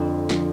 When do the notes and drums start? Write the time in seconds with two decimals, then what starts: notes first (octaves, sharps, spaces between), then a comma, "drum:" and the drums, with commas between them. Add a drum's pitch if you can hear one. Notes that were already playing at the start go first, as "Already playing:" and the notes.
Already playing: F2 D3 F3
0.29 D3 F3, drum: snare